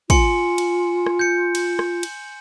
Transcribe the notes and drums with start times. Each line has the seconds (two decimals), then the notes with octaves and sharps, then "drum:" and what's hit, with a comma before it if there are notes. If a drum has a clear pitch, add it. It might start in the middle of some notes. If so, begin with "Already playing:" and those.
0.10 F4 G#5 C6 C#7, drum: kick, cymbal
0.58 drum: cymbal
1.06 drum: rim click
1.19 G6 C#7
1.55 drum: cymbal
1.79 drum: rim click
2.03 drum: cymbal